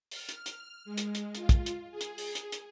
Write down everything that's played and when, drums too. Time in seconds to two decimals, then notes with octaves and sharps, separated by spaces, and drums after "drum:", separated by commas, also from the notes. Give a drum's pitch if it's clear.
0.11 F6, drum: open hi-hat
0.29 drum: hi-hat
0.46 drum: hi-hat
0.85 G#3
0.98 drum: hi-hat
1.15 drum: hi-hat
1.35 F4, drum: hi-hat
1.49 drum: kick, hi-hat
1.66 drum: hi-hat
1.91 G#4
2.01 drum: hi-hat
2.18 drum: open hi-hat
2.35 drum: hi-hat
2.52 drum: hi-hat